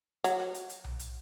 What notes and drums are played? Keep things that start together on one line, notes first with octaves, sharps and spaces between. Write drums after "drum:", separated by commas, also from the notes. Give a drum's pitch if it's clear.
F#3, drum: hi-hat
drum: rim click
drum: hi-hat
drum: hi-hat
drum: tom B1
drum: hi-hat